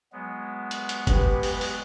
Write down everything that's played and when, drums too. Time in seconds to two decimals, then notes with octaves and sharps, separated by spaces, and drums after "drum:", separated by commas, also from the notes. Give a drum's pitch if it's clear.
0.13 F#3 G#3 B3
0.71 drum: hi-hat
0.89 drum: hi-hat
1.07 G4 B4, drum: kick F#1, hi-hat
1.43 drum: open hi-hat
1.61 drum: open hi-hat